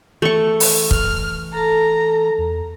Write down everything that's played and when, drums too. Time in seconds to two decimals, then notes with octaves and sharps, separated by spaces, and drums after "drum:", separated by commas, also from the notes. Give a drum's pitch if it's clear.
0.22 E3 A3 C#6
0.60 drum: open hi-hat
0.91 F6, drum: kick
1.54 A4 A5 A#5
2.38 E2